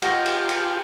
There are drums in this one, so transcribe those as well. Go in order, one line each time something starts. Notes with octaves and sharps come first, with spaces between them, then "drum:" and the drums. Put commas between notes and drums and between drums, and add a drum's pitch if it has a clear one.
F4 G4 C#5 D#5 F#5, drum: cymbal
drum: cymbal
drum: cymbal